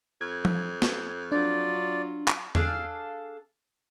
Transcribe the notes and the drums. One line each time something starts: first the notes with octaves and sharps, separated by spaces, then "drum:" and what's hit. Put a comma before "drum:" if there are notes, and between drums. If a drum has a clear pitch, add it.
F2 G#6
drum: tom F3
drum: snare
F#3 D4 F4 D5
drum: clap
D4 G#4 A4 F5, drum: tom E2